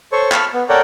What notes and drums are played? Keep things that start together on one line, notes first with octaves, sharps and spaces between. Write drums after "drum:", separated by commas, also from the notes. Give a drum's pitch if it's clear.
A4 C5 C#5 C#6
A5 B5 C#6 F6, drum: clap
B3
A4 A#4 C#5 D5 F#5 G5